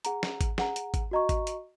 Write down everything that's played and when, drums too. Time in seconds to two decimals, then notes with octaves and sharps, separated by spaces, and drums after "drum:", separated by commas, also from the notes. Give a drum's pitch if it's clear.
0.05 G#4 F#5 A#5, drum: hi-hat
0.23 drum: snare
0.41 drum: kick G#1, hi-hat
0.58 G#4 F#5 A#5, drum: snare
0.76 drum: hi-hat
0.94 drum: kick G#1, hi-hat
1.11 F#4 D#5 A#5 C#6
1.29 drum: kick G#1, hi-hat
1.47 drum: hi-hat